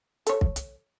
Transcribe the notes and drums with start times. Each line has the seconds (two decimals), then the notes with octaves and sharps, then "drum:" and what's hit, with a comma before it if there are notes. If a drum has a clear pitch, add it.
0.26 A4 C#5, drum: hi-hat
0.41 drum: kick
0.56 drum: hi-hat